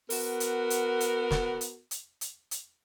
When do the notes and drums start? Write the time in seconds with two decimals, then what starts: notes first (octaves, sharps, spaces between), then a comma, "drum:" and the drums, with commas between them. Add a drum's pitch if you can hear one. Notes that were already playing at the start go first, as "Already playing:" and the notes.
0.10 B3 F#4 A#4, drum: open hi-hat
0.40 drum: hi-hat
0.70 drum: hi-hat
1.00 drum: hi-hat
1.31 drum: snare
1.61 drum: hi-hat
1.91 drum: hi-hat
2.21 drum: hi-hat
2.51 drum: hi-hat